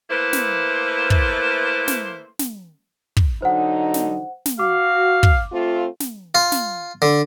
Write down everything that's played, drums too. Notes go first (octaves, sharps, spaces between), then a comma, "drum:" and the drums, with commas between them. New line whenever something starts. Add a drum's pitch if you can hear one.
A3 A#3 E4 B4 C5
drum: snare
drum: kick
drum: snare
drum: snare
drum: kick
D3 F#3 D#4 C5 F#5
drum: snare
drum: snare
F#4 F5 D6
drum: kick
A3 C4 F4
drum: snare
F4
drum: snare
D3